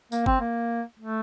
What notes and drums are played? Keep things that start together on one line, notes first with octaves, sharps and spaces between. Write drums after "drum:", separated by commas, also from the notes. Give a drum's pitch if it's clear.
A#3, drum: tambourine
C4, drum: kick G1
A#3
A3